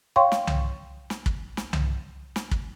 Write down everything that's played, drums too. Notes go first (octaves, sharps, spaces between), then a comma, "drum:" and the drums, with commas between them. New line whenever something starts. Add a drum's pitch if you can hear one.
C#5 F5 G5 C6 C#6
drum: snare
drum: tom C2
drum: snare
drum: kick
drum: snare
drum: tom C2
drum: snare
drum: kick